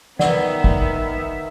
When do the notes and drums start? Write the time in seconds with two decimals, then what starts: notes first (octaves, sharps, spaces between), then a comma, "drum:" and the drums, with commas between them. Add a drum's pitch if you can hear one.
0.19 D#3 B3 D5 E5 F#5, drum: snare
0.64 drum: kick